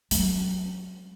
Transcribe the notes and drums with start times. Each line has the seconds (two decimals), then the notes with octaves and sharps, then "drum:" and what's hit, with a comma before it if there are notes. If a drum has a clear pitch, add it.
0.11 F#3 G#3, drum: hi-hat